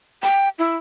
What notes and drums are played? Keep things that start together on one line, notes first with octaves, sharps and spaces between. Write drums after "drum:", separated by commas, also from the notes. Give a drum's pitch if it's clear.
G5, drum: hi-hat
E4